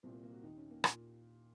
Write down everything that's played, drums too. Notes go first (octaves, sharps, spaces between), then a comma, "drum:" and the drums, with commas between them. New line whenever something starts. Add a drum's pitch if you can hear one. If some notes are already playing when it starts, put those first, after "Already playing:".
C2 A#2 C4
A#3
A#3
F#4
D#2 D#3 D#4
C#4
A#3
A#2, drum: rim click